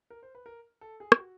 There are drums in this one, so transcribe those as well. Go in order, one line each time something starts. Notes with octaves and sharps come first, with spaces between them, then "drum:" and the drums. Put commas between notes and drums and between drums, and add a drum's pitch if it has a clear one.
A#4
C5
B4
A#4
A4
G#4
G4, drum: rim click
F#4